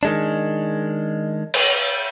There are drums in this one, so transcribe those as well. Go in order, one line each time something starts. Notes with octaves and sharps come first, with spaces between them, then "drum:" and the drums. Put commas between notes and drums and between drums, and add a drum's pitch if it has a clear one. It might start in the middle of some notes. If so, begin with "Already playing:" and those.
D#3 G#3 D4
drum: cymbal